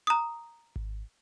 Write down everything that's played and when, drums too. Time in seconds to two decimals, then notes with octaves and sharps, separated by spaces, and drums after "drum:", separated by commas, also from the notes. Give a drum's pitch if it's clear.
0.07 A#5 D#6
0.76 drum: kick G#1